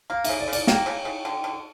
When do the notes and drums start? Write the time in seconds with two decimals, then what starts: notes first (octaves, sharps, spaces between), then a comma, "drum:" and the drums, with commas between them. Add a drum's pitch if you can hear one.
0.10 A#3 F5
0.24 C#3 E5, drum: cymbal
0.39 D5
0.48 C#3
0.53 D5, drum: cymbal
0.67 A#3 G5, drum: snare
0.86 C#3
1.05 C#3
1.25 D3
1.44 D3